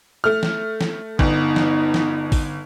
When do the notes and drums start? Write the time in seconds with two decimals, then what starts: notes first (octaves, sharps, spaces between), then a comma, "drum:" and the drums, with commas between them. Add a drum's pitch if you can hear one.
0.24 A3 F6
0.43 drum: snare
0.81 drum: snare
1.19 G1 B3 D#4, drum: kick
1.56 drum: snare
1.94 drum: snare
2.32 drum: kick, open hi-hat